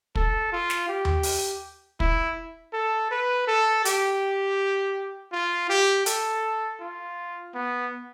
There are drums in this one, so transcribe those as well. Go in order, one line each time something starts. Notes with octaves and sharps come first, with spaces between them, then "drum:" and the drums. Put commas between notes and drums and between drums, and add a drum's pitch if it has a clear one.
A4, drum: kick
F4
drum: snare
G4
drum: tom D#2
drum: open hi-hat
E4, drum: kick
A4
B4
A4
G4, drum: hi-hat
F4
G4
A4, drum: hi-hat
F4
B3